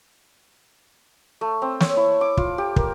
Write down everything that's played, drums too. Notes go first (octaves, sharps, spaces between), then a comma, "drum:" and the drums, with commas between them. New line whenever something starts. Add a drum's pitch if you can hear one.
A3
C4
C#5, drum: snare
E4
D6
F4, drum: kick
G4
A#4, drum: kick